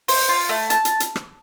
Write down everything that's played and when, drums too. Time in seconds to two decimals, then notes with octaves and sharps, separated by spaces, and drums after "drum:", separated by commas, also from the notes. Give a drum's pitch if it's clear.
0.08 C5, drum: open hi-hat
0.29 F4
0.49 A3
0.70 A5, drum: hi-hat
0.85 drum: hi-hat
1.00 drum: hi-hat
1.16 drum: rim click